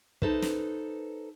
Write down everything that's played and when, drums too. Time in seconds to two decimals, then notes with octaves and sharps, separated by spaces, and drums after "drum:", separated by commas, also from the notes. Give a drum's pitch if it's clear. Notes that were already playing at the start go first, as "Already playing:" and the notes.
0.22 D#4 A4 B4 C5, drum: kick
0.42 drum: snare